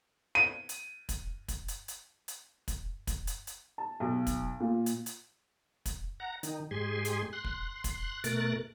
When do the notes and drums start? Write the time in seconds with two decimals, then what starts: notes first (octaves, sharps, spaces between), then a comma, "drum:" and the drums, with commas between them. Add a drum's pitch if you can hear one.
0.35 D#7
0.69 drum: hi-hat
1.09 drum: kick, hi-hat
1.48 drum: kick, hi-hat
1.68 drum: hi-hat
1.88 drum: hi-hat
2.28 drum: hi-hat
2.68 drum: kick, hi-hat
3.07 drum: kick, hi-hat
3.27 drum: hi-hat
3.47 drum: hi-hat
3.78 A5
4.00 B1
4.27 drum: kick, hi-hat
4.60 A#2
4.86 drum: hi-hat
5.06 drum: hi-hat
5.86 drum: kick, hi-hat
6.20 F#5 A#5
6.43 D#3 D#4, drum: hi-hat
6.71 G#2 G#3 G4 G#4 G#5 C6
7.05 drum: hi-hat
7.33 C6 F#6
7.44 drum: kick
7.84 drum: kick, hi-hat
8.24 B2 A3 A#4 F#6 A6, drum: hi-hat